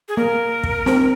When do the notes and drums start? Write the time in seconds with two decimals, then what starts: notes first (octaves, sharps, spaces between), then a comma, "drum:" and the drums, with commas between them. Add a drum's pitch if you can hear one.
0.08 G#4
0.17 A#3 A#4
0.64 drum: kick
0.86 C4, drum: snare